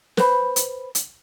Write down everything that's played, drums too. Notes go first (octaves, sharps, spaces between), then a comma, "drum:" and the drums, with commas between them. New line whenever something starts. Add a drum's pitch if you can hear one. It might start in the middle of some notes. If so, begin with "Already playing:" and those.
B4 C5 B5, drum: snare
drum: hi-hat
drum: hi-hat